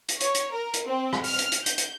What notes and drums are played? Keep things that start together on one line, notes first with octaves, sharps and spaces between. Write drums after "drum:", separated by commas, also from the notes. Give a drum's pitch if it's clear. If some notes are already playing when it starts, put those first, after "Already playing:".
drum: hi-hat
C#5, drum: hi-hat
drum: hi-hat
A#4
drum: hi-hat
C4
drum: rim click
F6, drum: open hi-hat
drum: hi-hat
drum: hi-hat
G6, drum: hi-hat
drum: hi-hat